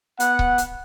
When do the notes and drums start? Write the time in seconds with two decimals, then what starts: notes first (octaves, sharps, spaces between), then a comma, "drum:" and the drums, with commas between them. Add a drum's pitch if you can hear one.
0.20 B3 F#5, drum: hi-hat
0.39 drum: kick C#1
0.58 drum: hi-hat